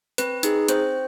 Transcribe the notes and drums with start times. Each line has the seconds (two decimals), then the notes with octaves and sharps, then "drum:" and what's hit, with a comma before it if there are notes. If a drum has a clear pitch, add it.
0.18 C4 B4, drum: hi-hat
0.43 D#4 G#4, drum: hi-hat
0.68 C4 C5, drum: hi-hat